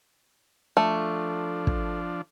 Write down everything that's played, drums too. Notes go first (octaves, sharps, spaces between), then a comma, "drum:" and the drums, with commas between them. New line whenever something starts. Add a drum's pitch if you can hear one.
F3 A3 D4
drum: kick